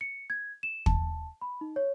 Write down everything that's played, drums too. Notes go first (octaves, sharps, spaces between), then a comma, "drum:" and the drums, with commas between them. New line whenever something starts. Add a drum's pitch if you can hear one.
C#7
G#6
E7
A5, drum: kick
B5
D#4
C#5